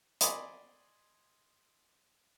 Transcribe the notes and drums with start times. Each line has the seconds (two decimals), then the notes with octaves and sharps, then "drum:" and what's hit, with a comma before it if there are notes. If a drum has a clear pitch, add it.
0.21 D5 D#5 G#5 B5 C6 D#6, drum: hi-hat